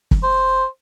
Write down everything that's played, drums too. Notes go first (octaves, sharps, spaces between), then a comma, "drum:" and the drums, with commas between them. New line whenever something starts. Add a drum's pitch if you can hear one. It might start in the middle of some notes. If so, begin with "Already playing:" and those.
drum: kick
C5